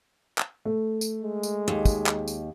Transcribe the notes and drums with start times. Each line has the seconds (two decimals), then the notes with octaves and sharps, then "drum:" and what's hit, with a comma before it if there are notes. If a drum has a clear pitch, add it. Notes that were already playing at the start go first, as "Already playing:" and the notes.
0.38 drum: clap
0.65 A3
1.01 drum: tambourine
1.22 G#3
1.43 drum: tambourine
1.68 D#2
1.85 drum: kick, tambourine
2.07 drum: clap
2.28 drum: tambourine